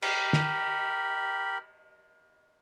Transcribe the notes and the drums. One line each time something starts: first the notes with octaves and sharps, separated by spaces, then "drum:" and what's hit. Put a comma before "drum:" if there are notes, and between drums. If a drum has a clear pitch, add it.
G4 A#4 B5, drum: cymbal
drum: snare